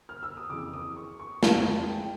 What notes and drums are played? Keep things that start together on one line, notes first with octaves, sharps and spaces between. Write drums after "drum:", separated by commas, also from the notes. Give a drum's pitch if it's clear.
F6
E6
D#6
F2 C#3 E3 D6
D#6
C#6
C#6
F2 C#3 E3 A5, drum: snare
G5